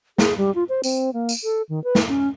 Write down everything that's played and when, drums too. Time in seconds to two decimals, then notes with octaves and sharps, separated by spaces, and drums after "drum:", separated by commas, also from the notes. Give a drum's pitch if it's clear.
0.18 G#4, drum: snare
0.37 G3
0.55 F4
0.69 C5
0.84 C4, drum: tambourine
1.14 A#3
1.29 drum: tambourine
1.44 A4
1.69 D#3
1.84 B4
1.95 drum: snare
2.09 C#4